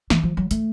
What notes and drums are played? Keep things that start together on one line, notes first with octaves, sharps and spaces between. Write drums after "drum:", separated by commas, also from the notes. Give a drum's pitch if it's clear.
E3, drum: snare
F3
F#3
A3, drum: hi-hat